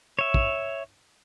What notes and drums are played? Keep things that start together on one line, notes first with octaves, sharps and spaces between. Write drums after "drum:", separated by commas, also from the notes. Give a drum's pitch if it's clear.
C#5 E5
drum: kick